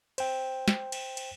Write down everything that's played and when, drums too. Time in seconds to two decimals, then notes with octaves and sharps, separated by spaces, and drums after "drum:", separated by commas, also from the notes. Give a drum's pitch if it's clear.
0.18 C5 G5, drum: cymbal
0.68 drum: snare
0.92 drum: cymbal
1.17 drum: cymbal